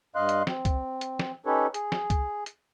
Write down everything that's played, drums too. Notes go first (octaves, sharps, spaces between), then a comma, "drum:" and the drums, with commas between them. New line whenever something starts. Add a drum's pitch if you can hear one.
G2 D#5 F5 C6 F#6
drum: hi-hat
C4, drum: snare
drum: kick, hi-hat
drum: hi-hat
drum: snare
C#4 D#4 G4 A4 B4 C#5
G#4, drum: hi-hat
drum: snare
drum: kick, hi-hat
drum: hi-hat